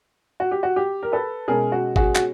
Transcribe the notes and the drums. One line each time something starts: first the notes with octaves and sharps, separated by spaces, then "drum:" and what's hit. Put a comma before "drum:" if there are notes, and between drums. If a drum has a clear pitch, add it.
F#4
G4
F#4
G4
A#4
A4 B4
B2 G#3 C#4 G#4 A#4
F#4
F#4 G#4, drum: kick G#1
F#4, drum: clap